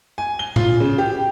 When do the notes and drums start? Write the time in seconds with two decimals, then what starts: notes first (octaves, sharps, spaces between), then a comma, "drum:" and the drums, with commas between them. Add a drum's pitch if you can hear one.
0.18 G#5
0.39 G7
0.56 F4, drum: tom A#2
0.80 C#3
0.98 G4